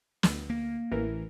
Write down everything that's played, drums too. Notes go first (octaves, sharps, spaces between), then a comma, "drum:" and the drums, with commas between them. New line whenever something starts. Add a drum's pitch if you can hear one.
D2, drum: snare
A#3
A1 E3 A#4